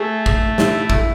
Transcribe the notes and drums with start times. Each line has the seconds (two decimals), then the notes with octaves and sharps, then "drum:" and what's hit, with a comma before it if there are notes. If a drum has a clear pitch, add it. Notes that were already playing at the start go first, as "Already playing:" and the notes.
Already playing: A3 G#4
0.26 drum: kick
0.58 E4, drum: snare
0.90 drum: kick